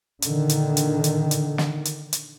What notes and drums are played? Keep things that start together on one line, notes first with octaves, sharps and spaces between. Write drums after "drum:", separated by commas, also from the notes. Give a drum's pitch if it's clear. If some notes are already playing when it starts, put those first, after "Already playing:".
A#2 D3 D#3, drum: hi-hat
drum: hi-hat
drum: hi-hat
drum: hi-hat
drum: hi-hat
drum: snare
drum: hi-hat
drum: hi-hat